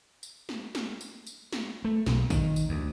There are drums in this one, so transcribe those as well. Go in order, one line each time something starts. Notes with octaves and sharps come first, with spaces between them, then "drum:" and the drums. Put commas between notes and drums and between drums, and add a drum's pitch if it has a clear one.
drum: tambourine
drum: snare
drum: snare
drum: tambourine
drum: tambourine
drum: snare
A3
B1, drum: snare
D#3, drum: kick, tambourine
drum: tambourine
D2